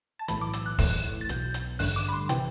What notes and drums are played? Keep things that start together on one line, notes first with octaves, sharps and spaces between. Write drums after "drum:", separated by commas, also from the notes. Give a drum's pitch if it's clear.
A5
B1 A2 E3 B5, drum: hi-hat
D6
E6, drum: hi-hat
F#6
B1 A2 E3, drum: kick, open hi-hat
A6
B1 B2 G6, drum: hi-hat
drum: hi-hat
A1 G2 D3 F#6, drum: open hi-hat
D6
B5
C6
C3 E3 G5, drum: hi-hat